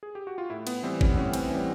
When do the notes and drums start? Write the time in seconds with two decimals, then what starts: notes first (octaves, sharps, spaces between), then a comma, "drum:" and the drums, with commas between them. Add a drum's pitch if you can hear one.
0.03 G#4
0.15 G4
0.27 F#4
0.38 F4
0.50 A2 E4
0.67 B3, drum: cymbal
0.83 E3 G3 C4
1.01 C#4, drum: kick G1
1.17 A2 C#4
1.34 C4, drum: cymbal
1.50 E3 G3 C#4